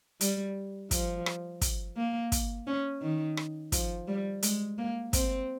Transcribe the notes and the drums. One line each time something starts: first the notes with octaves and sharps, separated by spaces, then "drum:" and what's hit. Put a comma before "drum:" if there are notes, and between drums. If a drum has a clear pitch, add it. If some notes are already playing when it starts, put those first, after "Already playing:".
G3, drum: hi-hat
F3, drum: kick, hi-hat
drum: rim click
drum: kick, hi-hat
A#3
drum: kick, hi-hat
C#4
D#3
drum: rim click
F3, drum: kick, hi-hat
G3
G#3, drum: hi-hat
A#3
C4, drum: kick, hi-hat